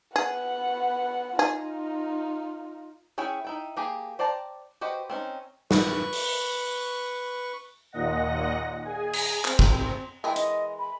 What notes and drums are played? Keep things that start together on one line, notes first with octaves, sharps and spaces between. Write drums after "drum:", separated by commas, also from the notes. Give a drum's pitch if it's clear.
B3 G#4 F#5
D#4 F4 G#4
C#4 E4 G#4 C#5 G5
D#4 E4 G5
A#3 G4 G#4 G#5
C5 D5 G5 A5 A#5
F#4 G4 B4 C5 D#5
C4 C#4 D#4
B4 C#6, drum: snare
drum: open hi-hat
D#2 A#2 D#5 F#5 A#6
G#4 G#5
drum: cymbal
C4, drum: clap
drum: kick
E3 G#3 A#4 G5
D#5, drum: hi-hat
B5